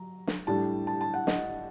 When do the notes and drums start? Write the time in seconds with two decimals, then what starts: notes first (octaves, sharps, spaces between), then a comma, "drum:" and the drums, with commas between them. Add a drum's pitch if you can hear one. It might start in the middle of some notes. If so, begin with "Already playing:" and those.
Already playing: F#3 A#5
0.27 drum: snare
0.47 A2 G3 D4 A5
0.87 A5
1.01 A5
1.14 F#5
1.27 D#5, drum: snare